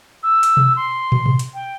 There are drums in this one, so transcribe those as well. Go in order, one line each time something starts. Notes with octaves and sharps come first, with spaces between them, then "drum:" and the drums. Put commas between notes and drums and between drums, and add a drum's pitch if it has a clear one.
E6
drum: hi-hat
drum: tom B2
C6
drum: tom
drum: tom B2
drum: hi-hat
G5